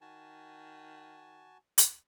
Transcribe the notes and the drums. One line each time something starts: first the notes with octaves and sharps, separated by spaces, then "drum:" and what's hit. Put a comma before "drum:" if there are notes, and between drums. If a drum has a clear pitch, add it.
D#3 F#4 G#5 A5
drum: hi-hat